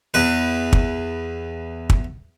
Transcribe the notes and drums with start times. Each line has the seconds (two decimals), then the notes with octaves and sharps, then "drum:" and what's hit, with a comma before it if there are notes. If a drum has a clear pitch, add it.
0.14 E2 B4
0.73 drum: kick
1.90 drum: kick